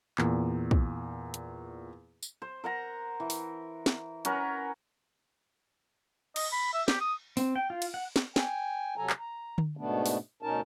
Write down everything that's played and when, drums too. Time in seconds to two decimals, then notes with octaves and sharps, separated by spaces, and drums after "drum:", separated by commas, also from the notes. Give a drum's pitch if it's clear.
0.18 E2 A#2, drum: clap
0.71 drum: kick
1.34 drum: hi-hat
2.23 drum: tambourine
2.42 C5
2.64 A#4 F#5 A#5
3.20 E3
3.30 drum: open hi-hat
3.86 drum: snare
4.25 C#4 F#4 A#4 B4, drum: hi-hat
6.36 D#5, drum: cymbal
6.52 B5
6.74 E5
6.88 G4, drum: snare
7.01 D#6
7.37 C4, drum: open hi-hat
7.56 G5
7.70 F4
7.82 drum: cymbal
7.94 F#5
8.16 drum: snare
8.36 G5 G#5, drum: snare
8.97 C3 F#3 A4 G#5 A#5
9.10 drum: clap
9.19 A#5
9.58 drum: tom D3
9.77 G#2 B2 A3 B3 D4
10.06 drum: open hi-hat
10.42 D2 B2 C#4 D#4 A#4 A5